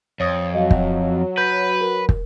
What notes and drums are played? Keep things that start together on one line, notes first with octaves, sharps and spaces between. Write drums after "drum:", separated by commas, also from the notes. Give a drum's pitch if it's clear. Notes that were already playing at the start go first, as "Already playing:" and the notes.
F2 C#5 D#6
F#3 D#5 F5
drum: kick
B4 G6 B6
A#4
drum: kick